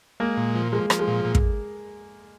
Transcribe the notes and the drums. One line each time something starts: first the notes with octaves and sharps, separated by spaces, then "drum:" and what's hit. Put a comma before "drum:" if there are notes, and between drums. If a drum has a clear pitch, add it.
G#3 A#3
A#2
F3
F3 G#3
F3, drum: rim click
G#3
A#2
A#2
drum: kick